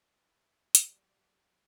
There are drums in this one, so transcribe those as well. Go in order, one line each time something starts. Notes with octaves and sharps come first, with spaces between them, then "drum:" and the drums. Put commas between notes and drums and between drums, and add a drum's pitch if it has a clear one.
E4
F#3 G4 D5, drum: hi-hat